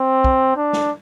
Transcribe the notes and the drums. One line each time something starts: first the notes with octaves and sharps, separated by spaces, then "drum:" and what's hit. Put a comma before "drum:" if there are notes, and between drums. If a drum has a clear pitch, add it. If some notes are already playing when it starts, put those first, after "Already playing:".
Already playing: C4
drum: kick
D4
drum: snare